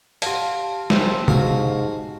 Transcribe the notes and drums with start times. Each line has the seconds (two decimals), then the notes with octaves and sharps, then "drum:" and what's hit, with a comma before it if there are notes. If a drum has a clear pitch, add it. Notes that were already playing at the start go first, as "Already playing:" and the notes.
0.22 G4 F5 F#5 A5, drum: hi-hat
0.90 F#1 C4, drum: snare
1.28 G#2 F#4 F5, drum: tom